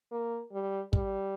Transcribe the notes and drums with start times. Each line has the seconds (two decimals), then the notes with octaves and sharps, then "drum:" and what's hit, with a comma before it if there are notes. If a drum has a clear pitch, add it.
0.11 A#3
0.52 G3
0.93 G3, drum: kick